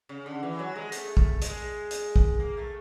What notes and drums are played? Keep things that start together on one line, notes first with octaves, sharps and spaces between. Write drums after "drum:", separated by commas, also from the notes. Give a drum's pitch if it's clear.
C#3
D3
E3
F#3
G#3
A3, drum: hi-hat
drum: kick
G#3, drum: hi-hat
drum: hi-hat
drum: kick
A#3
A3